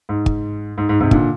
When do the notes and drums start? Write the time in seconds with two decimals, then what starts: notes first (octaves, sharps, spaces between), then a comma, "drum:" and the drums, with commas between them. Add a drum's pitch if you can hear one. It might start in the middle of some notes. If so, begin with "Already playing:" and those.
0.09 G#2
0.26 drum: kick
0.78 G#2
0.89 G#2
1.00 G#2 C3
1.11 A#2 D3, drum: kick